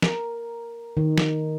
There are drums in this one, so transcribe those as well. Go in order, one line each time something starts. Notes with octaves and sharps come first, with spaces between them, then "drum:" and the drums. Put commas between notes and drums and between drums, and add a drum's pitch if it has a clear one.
A#4, drum: snare
D#3
drum: snare